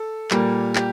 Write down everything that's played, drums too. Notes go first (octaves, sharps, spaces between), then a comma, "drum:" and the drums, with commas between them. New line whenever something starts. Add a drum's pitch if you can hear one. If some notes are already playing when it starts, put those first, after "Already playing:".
Already playing: A4
A#2 G3 A#3, drum: clap
G4, drum: clap